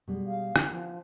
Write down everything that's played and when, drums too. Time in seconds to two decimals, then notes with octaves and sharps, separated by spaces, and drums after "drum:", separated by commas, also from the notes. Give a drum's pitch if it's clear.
0.07 B2 G3 G#3
0.27 F5
0.56 B3, drum: rim click
0.70 F3